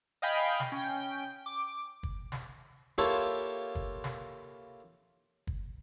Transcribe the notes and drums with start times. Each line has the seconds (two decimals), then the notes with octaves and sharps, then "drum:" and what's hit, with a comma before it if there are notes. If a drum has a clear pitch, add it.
0.22 D#5 F5 G5 G#5 B5
0.60 drum: snare
0.72 C#4 G5
1.46 D6
2.03 drum: kick
2.32 drum: snare
2.98 A#3 E4 F4 G4 A4 C#5
3.75 drum: kick
4.04 drum: snare
5.47 drum: kick